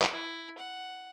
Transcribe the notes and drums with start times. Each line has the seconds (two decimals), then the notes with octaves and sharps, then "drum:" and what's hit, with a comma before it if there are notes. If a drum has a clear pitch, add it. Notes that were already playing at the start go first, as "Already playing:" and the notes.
0.02 drum: clap
0.12 E4
0.58 F#5